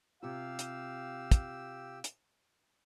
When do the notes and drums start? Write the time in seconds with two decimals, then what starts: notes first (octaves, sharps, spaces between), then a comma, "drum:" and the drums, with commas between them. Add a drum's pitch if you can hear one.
0.23 C3 F4 G4 F5 E6
0.59 drum: hi-hat
1.32 drum: kick, hi-hat
2.04 drum: hi-hat